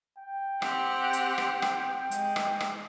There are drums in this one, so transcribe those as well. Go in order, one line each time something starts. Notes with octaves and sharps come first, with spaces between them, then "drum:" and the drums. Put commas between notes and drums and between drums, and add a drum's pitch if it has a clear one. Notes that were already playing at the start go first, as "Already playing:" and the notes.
G5
C4 G4 F#5, drum: rim click
drum: hi-hat
drum: rim click
drum: rim click
G#3, drum: hi-hat
drum: rim click
drum: rim click